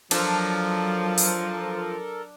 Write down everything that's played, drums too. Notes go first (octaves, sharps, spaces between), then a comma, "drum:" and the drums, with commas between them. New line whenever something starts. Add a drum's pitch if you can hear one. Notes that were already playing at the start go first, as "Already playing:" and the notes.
F3 F#3 D4 A4 A#4, drum: cymbal
drum: open hi-hat